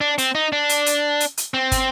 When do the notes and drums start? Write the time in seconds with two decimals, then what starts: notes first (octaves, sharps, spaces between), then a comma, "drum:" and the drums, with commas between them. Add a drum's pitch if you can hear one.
0.01 D4
0.18 C4, drum: hi-hat
0.35 D#4
0.52 D4
0.69 drum: hi-hat
0.86 drum: hi-hat
1.20 drum: hi-hat
1.37 drum: hi-hat
1.54 C4
1.72 drum: kick, hi-hat